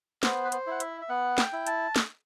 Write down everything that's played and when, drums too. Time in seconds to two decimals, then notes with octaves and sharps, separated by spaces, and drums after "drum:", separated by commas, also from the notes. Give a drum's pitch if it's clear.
0.23 B3 C5, drum: snare
0.45 B4
0.52 C5, drum: hi-hat
0.67 E4 F#5
0.80 E5, drum: hi-hat
1.01 E5
1.09 B3 F#5
1.38 G5, drum: snare
1.53 E4
1.67 A5, drum: hi-hat
1.96 drum: snare